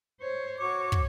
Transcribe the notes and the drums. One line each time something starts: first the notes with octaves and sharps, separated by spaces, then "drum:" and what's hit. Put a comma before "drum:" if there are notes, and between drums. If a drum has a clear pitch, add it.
C5 C#5
F#4 C#5 C#6 D6
drum: kick